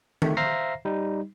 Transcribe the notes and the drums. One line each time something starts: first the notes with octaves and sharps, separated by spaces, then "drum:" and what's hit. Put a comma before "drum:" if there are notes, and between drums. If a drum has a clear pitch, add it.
D#3 A3, drum: tom D#3
C5 E5 F5 A#5 A#6 C7
G3 D#4